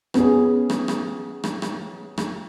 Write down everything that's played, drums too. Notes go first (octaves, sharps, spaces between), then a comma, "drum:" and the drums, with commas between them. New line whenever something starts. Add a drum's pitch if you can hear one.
B3 C#4 G#4, drum: rim click
drum: rim click
drum: rim click
drum: rim click
drum: rim click
drum: rim click